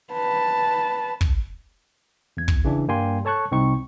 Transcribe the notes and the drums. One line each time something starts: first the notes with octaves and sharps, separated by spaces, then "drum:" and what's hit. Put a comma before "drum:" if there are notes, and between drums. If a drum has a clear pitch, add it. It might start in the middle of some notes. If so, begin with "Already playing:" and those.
B4 A5
drum: kick
E2 G#6
drum: kick
C#3 E3 D4
G2 G3 A#3 G5 G#5 C6
A4 C#5 A5 C#6 F#6
C2 C4 D#4 C#6